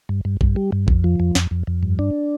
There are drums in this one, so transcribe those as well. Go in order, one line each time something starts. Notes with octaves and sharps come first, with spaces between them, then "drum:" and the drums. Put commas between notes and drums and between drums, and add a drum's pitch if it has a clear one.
G2
G2
G2, drum: kick
G3
G2
F2, drum: kick
F3
F2
F2, drum: snare
F2
F2
G2
D4